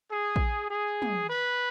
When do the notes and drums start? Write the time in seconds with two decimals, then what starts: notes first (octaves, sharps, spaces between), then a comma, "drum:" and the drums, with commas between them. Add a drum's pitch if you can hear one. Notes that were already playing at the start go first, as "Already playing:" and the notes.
0.12 G#4
0.36 drum: kick A#1
0.70 G#4
1.02 drum: tom
1.30 B4